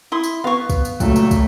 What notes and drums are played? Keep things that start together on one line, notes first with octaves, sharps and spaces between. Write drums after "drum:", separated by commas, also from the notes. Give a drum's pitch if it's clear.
E4 C6 D#6
drum: tambourine
B3 F5 C#6
drum: kick, tambourine
drum: tambourine
C#2 F#2 A#2 A3, drum: kick, tambourine
drum: tambourine
drum: kick, tambourine